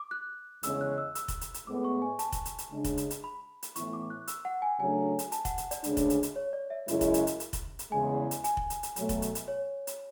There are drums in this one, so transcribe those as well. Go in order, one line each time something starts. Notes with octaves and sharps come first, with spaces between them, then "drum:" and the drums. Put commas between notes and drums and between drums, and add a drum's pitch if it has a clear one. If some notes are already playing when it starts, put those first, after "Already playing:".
Already playing: D6
F#6
E2 C#3 G#3 C#4 E6, drum: hi-hat
F#6
E6
E6, drum: hi-hat
drum: kick F1, hi-hat
drum: hi-hat
drum: hi-hat
A2 G#3 B3 D6
C#6
G#5
A5, drum: hi-hat
drum: kick F1, hi-hat
drum: hi-hat
drum: hi-hat
C#3 G#3 D4
drum: kick F1, hi-hat
drum: hi-hat
drum: hi-hat
B5
drum: hi-hat
A2 E3 B3 E4 C#6, drum: hi-hat
D6
F#6
E6, drum: hi-hat
F#5
G#5
C#3 F#3 A3 D4 G#5
drum: hi-hat
A5, drum: hi-hat
F#5, drum: kick F1, hi-hat
drum: hi-hat
D5, drum: hi-hat
D2 C#3 G#3 D4, drum: hi-hat
drum: kick F1, hi-hat
drum: hi-hat
drum: hi-hat
C#5
D5
E5
F#2 C#3 G#3 C#4 E4, drum: hi-hat
drum: kick F1, hi-hat
drum: hi-hat
drum: hi-hat
drum: hi-hat
drum: kick F1, hi-hat
drum: hi-hat
E2 C#3 G#3 G#5
drum: hi-hat
G#5, drum: hi-hat
drum: kick F1
drum: hi-hat
drum: hi-hat
B2 F#3 A3, drum: hi-hat
drum: kick F1, hi-hat
drum: hi-hat
drum: hi-hat
C#5
drum: hi-hat